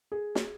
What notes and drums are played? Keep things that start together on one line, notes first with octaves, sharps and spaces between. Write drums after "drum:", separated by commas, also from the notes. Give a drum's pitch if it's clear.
G#4
drum: snare